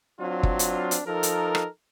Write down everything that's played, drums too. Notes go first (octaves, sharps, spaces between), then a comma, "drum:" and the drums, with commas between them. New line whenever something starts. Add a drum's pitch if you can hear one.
F#3 C4 D4 F4
drum: kick
drum: hi-hat
drum: hi-hat
F3 D#4 A4 A#4
drum: hi-hat
drum: rim click